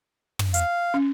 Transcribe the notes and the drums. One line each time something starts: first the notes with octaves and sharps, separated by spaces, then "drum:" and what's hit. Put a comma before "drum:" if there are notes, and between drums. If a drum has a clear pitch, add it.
drum: tom
F5, drum: hi-hat
C#4